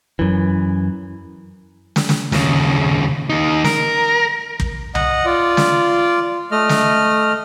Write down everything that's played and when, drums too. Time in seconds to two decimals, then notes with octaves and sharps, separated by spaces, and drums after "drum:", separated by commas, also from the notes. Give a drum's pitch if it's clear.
0.19 F#2 E3
1.96 drum: snare
2.09 drum: snare
2.32 D#2 C#3, drum: snare
3.30 D#2 D#4
3.64 A#4, drum: snare
4.60 drum: kick
4.95 D#5 F#5, drum: tom C2
5.26 F4 D5
5.57 drum: snare
6.52 A3 D#5 F6
6.69 drum: snare